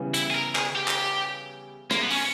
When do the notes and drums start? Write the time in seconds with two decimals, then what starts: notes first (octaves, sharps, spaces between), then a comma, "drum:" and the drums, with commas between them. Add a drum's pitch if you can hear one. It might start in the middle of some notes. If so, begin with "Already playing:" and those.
Already playing: C#3 E3 G3 B3
0.14 E4, drum: hi-hat
0.30 G#4
0.35 A#4
0.55 G#4, drum: clap
0.75 G4
0.88 drum: clap
1.91 A#3, drum: rim click
2.01 B3
2.11 C#4, drum: open hi-hat